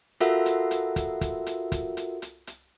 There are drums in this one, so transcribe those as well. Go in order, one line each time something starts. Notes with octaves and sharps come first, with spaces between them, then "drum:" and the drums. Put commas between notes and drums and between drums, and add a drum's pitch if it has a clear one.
F4 F#4 A4 A#4 E5 F#5, drum: hi-hat
drum: hi-hat
drum: hi-hat
drum: kick, hi-hat
drum: kick, hi-hat
drum: hi-hat
drum: kick, hi-hat
drum: hi-hat
drum: hi-hat
drum: hi-hat